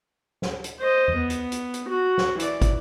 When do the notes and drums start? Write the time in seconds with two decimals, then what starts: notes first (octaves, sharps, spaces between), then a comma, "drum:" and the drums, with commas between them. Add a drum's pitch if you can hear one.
0.42 drum: snare
0.64 drum: hi-hat
0.80 C5 D#5
1.08 drum: tom E2
1.17 B3
1.30 drum: hi-hat
1.52 drum: hi-hat
1.74 drum: hi-hat
1.90 F#4
2.18 drum: snare
2.40 E3 D5, drum: hi-hat
2.61 drum: kick, hi-hat